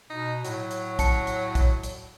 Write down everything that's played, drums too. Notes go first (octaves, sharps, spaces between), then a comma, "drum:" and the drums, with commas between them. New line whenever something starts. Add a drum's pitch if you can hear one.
B2 D#4
A2 F#3, drum: hi-hat
drum: hi-hat
A5 C#7, drum: kick, hi-hat
drum: hi-hat
drum: kick, hi-hat
drum: hi-hat